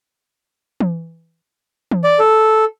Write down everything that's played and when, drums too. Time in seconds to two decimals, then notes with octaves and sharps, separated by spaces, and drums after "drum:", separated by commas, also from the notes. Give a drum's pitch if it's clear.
0.80 drum: tom E3
1.91 drum: tom E3
2.04 D5
2.19 A4